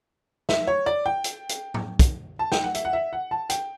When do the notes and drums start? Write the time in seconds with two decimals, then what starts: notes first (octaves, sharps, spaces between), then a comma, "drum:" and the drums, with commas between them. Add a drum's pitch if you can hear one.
0.49 E5, drum: snare
0.67 C#5
0.86 D5
1.06 G5
1.24 drum: hi-hat
1.49 drum: hi-hat
1.74 drum: tom A2
1.99 drum: kick, hi-hat
2.39 A5
2.52 G5, drum: snare
2.64 F#5
2.75 E5, drum: hi-hat
2.85 F#5
2.93 E5
3.13 F#5
3.31 A5
3.50 G5, drum: hi-hat